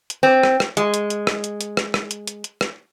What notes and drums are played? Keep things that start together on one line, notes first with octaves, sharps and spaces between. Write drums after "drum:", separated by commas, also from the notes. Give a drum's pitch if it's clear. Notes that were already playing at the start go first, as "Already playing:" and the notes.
drum: hi-hat
C4
drum: rim click
drum: rim click
G#3, drum: hi-hat
drum: hi-hat
drum: hi-hat
drum: rim click
drum: hi-hat
drum: hi-hat
drum: rim click
drum: rim click
drum: hi-hat
drum: hi-hat
drum: hi-hat
drum: rim click